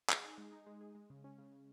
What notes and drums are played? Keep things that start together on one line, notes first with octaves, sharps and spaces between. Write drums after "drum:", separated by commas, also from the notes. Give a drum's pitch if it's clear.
G#4, drum: clap
D#4
G#3
D#4
G#3
G#4
G#3
C#3
C#4
C#3
C#3